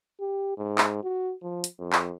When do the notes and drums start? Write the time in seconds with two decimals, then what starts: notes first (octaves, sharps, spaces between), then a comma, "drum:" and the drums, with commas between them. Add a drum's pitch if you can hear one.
0.21 G4
0.58 G#2
0.78 drum: clap
1.03 F#4
1.42 F3
1.64 drum: hi-hat
1.79 F2
1.93 drum: clap